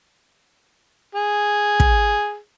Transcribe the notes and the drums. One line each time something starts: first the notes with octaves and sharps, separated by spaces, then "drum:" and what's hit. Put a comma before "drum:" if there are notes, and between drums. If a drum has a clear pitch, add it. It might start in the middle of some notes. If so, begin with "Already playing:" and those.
G#4
drum: kick